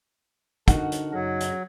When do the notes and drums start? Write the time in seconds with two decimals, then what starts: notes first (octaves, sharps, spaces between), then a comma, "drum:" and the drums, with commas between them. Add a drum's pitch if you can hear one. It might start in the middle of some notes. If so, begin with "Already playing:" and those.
0.68 D3 D4 D#4 F#4 A#4 F#5, drum: kick, hi-hat
0.92 drum: hi-hat
1.12 F#2 C#3 F#3 D#5
1.41 drum: hi-hat